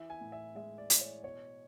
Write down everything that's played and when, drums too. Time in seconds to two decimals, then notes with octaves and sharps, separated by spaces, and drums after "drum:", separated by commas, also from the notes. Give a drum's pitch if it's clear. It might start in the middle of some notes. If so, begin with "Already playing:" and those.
Already playing: E3 E5
0.10 G#5
0.21 A2
0.32 E5
0.55 G#3 E5
0.78 D5
0.90 E3, drum: hi-hat
1.01 C#5
1.23 B2 C#5